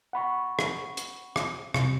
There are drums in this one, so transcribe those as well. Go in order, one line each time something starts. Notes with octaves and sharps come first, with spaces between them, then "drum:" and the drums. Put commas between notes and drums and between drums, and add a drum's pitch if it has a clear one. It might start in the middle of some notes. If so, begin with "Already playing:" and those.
F#5 B5 C#6
drum: rim click
drum: hi-hat
drum: rim click
C3, drum: rim click